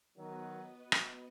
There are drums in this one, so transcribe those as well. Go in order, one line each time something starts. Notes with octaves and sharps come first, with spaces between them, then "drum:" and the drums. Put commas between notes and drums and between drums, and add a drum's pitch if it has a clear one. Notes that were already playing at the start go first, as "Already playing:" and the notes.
D#3 F#3 B3 F#4 B4 D#5
drum: rim click